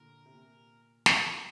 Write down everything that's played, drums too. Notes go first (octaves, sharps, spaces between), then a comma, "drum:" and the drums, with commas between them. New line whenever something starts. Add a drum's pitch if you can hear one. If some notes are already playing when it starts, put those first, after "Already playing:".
Already playing: A#2 D3 A#4
C3
A#2
drum: snare
G4